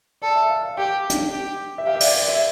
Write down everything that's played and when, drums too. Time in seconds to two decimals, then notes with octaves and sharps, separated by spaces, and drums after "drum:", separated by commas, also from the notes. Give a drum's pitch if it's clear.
0.22 A4 D5
0.35 E5
0.50 F5
0.63 F5
0.78 G4 G5
1.10 drum: hi-hat
1.32 G4
1.78 E5
1.86 G4 F5
1.95 E5
2.00 D5, drum: open hi-hat
2.14 D5
2.28 E5